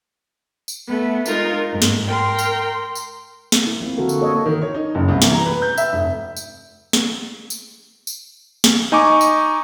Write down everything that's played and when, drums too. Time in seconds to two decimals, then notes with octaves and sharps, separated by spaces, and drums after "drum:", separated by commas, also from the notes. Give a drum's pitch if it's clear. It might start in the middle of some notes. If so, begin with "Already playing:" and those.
0.68 drum: tambourine
0.87 A3 B3
1.26 G#3 D#4 F4 A#4, drum: tambourine
1.71 G#2
1.82 drum: snare
2.06 A#4 G5 C6
2.39 drum: tambourine
2.95 drum: tambourine
3.52 drum: snare
3.66 A#3 E4
3.81 F3 C4
3.98 D3 F#4 A4 A#4
4.09 drum: tambourine
4.19 A#3 A4 C#5 D#5
4.46 D#3
4.62 C#5
4.74 D#4
4.95 F#1
5.08 C2
5.22 E3, drum: snare
5.34 A#5
5.46 B4
5.62 G6
5.77 E5, drum: tambourine
5.93 F1
6.37 drum: tambourine
6.93 drum: snare
7.50 drum: tambourine
8.07 drum: tambourine
8.64 drum: snare
8.92 D#4 G#5 C#6 D6
9.21 drum: tambourine